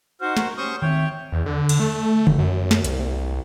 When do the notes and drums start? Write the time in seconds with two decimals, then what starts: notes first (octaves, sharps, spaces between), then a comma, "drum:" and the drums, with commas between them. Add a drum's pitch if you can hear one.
0.21 D#4 F#4 C5 C6 F6
0.37 A#4 A#5 C#6, drum: snare
0.58 C#4 G4 C5 C#6 D#6 F6
0.82 D#3 C4 C#5 E5 G5
1.32 E2
1.46 D3
1.69 drum: cymbal
1.80 A3
2.27 G1, drum: tom C#3
2.39 F#2
2.71 drum: snare
2.84 C2, drum: hi-hat